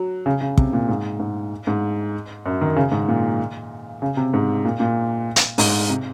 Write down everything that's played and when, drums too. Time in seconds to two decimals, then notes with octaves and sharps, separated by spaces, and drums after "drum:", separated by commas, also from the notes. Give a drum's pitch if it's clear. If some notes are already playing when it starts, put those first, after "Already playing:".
Already playing: F#3
0.26 C#3
0.41 C#3
0.58 C3, drum: kick
0.73 A#2
0.88 G#2
1.20 G#2
1.67 G#2
2.46 F#2
2.61 D#3
2.76 C#3
2.92 G#2
3.08 A#2
4.02 C#3
4.17 C3
4.34 G#2
4.64 A#2
4.80 A#2
5.36 drum: hi-hat
5.58 G#2, drum: open hi-hat
5.90 C3